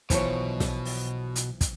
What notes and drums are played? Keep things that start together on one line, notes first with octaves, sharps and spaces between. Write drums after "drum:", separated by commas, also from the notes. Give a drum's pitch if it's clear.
B1 B2 E3 F3 C5 C#5, drum: kick, hi-hat
drum: snare
drum: open hi-hat
drum: hi-hat
drum: kick, hi-hat